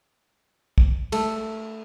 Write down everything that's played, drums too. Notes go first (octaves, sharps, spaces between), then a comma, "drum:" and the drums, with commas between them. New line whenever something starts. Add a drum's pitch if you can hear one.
drum: kick
A3, drum: cymbal